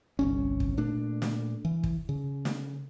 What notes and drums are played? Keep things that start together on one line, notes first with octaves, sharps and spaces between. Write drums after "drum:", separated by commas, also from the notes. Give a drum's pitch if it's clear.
G1 C2 C#4
drum: kick
A#2 A3 D4
drum: snare
E3
drum: kick
C#3
drum: snare